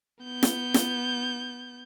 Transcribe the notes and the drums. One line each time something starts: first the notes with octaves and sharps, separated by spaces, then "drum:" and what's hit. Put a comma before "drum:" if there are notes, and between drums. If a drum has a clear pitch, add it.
B3 G6
drum: snare
drum: snare